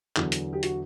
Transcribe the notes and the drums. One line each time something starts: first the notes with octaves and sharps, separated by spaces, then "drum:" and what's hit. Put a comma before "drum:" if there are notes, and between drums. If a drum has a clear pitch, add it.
E2 D3 F#3, drum: clap
drum: hi-hat
G4
F#4, drum: hi-hat